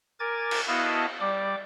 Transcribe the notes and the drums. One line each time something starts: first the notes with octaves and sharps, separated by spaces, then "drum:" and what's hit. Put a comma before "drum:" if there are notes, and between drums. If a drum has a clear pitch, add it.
A#4 G#5 D6 G#6 A6
drum: cymbal
B3 E4 F#4 D#5 F5 A5
G3 D5 D6